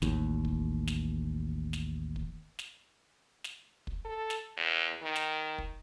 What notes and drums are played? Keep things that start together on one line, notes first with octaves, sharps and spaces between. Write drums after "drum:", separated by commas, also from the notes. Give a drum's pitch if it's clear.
A1 D#2, drum: snare
drum: kick
drum: snare
drum: snare
drum: kick
drum: snare
drum: snare
drum: kick
A4
drum: snare
E2
D#3
drum: snare
drum: kick